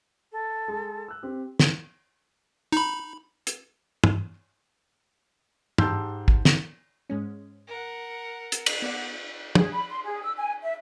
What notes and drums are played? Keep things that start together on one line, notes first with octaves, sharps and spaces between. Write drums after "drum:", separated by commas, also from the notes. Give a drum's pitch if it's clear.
A4
G#3
E6 F#6
C4 G4
drum: snare
D#4 B5
drum: hi-hat
drum: tom
G#2 G4 A5 C6 E6 G6, drum: tom
drum: kick
drum: snare
G#2 G#3 C#4
A#4 F#5
drum: hi-hat
drum: cymbal
B3 D5 F#5
G#4, drum: tom
B5
C6
G#4
E6
G#5
E5